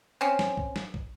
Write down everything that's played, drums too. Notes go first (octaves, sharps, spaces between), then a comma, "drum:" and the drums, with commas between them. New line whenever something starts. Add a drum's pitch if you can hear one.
C4 C#4
drum: snare
drum: kick
drum: snare
drum: kick